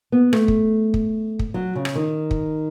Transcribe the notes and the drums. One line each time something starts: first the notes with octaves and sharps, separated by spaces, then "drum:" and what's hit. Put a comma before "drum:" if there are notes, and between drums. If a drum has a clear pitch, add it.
B3
A3, drum: rim click
drum: kick
drum: kick
drum: kick
F#3
C#3
drum: rim click
D#3
drum: kick